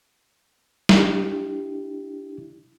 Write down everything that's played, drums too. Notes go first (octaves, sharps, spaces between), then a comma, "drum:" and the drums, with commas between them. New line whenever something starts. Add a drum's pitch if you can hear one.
D4 E4 G4, drum: snare